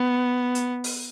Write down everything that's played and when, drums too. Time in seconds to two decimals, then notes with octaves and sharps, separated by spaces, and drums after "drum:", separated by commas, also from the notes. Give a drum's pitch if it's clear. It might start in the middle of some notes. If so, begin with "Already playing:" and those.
Already playing: B3
0.55 drum: hi-hat
0.84 drum: open hi-hat